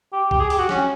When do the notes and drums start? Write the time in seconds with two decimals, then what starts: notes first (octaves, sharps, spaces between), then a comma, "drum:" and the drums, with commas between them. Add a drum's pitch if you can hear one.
0.12 G4
0.31 G4, drum: kick C2
0.40 G#4
0.50 G4, drum: open hi-hat
0.59 F#4
0.69 C#4, drum: snare